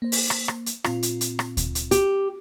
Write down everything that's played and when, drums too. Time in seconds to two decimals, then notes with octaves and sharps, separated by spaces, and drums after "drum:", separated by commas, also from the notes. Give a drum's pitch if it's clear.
0.02 A#3 C5
0.12 drum: open hi-hat
0.30 drum: rim click
0.48 drum: rim click
0.66 drum: hi-hat
0.84 A#2 C4 F4, drum: rim click
1.03 drum: hi-hat
1.21 drum: hi-hat
1.39 drum: rim click
1.57 drum: kick D2, hi-hat
1.75 drum: hi-hat
1.91 G4, drum: hi-hat